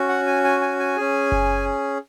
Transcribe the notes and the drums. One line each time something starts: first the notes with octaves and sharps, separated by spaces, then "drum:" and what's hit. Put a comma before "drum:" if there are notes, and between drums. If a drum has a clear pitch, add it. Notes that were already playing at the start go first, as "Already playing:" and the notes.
Already playing: C#4 F#4
F#5
G#5
G#5
G#5
G#5
C#4 G#4
drum: kick F#1